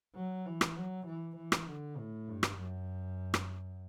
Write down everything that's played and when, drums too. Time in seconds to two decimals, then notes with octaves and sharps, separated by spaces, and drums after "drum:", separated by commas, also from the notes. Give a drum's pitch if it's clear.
0.15 F#3
0.46 E3
0.61 drum: rim click
0.76 F#3
1.06 E3
1.37 E3
1.52 drum: rim click
1.67 D3
1.97 A2
2.28 G2
2.43 drum: rim click
2.58 F#2
3.34 drum: rim click